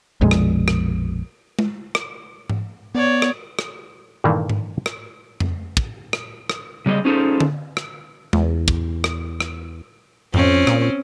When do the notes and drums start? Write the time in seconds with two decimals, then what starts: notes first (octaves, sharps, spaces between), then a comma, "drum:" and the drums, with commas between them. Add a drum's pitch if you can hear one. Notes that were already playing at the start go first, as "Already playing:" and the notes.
0.21 A#1 F2 B2 G#3
0.31 drum: rim click
0.68 drum: rim click
1.59 drum: tom G#3
1.95 drum: rim click
2.49 drum: tom G#2
2.95 B3 C#5 D5
3.22 drum: rim click
3.59 drum: rim click
4.24 G2 A#2 D#3 E3 A3 A#3
4.50 drum: tom G#2
4.86 drum: rim click
5.40 drum: tom F2
5.77 drum: kick
6.13 drum: rim click
6.50 drum: rim click
6.86 C#3 G3 G#4 D#5
7.05 C#4 D#4 F4 G#4 A4 C5
7.40 drum: tom D3
7.77 drum: rim click
8.33 E2, drum: tom G#3
8.68 drum: kick
9.04 drum: rim click
9.40 drum: rim click
10.34 F2 C4 C#4, drum: tom G#2
10.67 A#2, drum: rim click